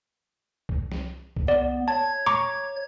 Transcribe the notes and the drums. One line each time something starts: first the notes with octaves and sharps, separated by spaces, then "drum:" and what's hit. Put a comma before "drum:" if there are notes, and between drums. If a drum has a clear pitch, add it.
drum: kick C2
drum: snare
drum: kick C2
B3 D5
C#5 A5 G#6
A#5 C#6 D6